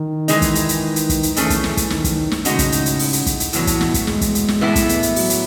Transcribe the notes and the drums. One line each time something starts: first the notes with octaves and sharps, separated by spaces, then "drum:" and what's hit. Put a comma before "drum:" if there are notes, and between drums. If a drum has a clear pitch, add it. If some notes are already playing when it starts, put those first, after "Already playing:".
Already playing: D#3
E3 G#3 D#4, drum: hi-hat
drum: kick, hi-hat
drum: hi-hat
drum: hi-hat
drum: hi-hat
drum: kick, hi-hat
drum: hi-hat
E3 A3 C#4 G#4, drum: hi-hat
drum: kick, hi-hat
drum: snare
drum: kick, hi-hat
D#3, drum: snare
drum: kick, hi-hat
drum: snare
A2 C#3 G#3 D#4 F#4, drum: hi-hat
drum: kick, hi-hat
drum: hi-hat
drum: hi-hat
drum: open hi-hat
drum: hi-hat
drum: kick, hi-hat
drum: hi-hat
A2 E3 F#3 B3, drum: hi-hat
drum: kick, hi-hat
drum: snare
drum: kick, hi-hat
G#3, drum: snare
drum: kick, hi-hat
drum: hi-hat
drum: snare
A2 E3 B3 E4
drum: kick, hi-hat
drum: hi-hat
drum: hi-hat
F#3, drum: open hi-hat
drum: hi-hat